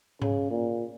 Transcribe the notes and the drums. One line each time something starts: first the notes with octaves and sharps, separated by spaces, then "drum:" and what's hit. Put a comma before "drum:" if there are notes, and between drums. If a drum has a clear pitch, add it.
C#3, drum: tom G#2
A#2